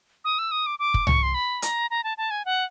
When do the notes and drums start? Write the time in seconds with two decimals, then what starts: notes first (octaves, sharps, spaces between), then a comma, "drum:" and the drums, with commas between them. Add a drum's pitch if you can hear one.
0.25 D#6
0.39 E6
0.51 D#6
0.66 D6
0.79 D6
0.94 drum: kick
1.07 C#6, drum: tom C2
1.23 C6
1.34 B5
1.62 A#5, drum: hi-hat
1.91 A#5
2.04 A5
2.18 A5
2.31 G#5
2.45 F#5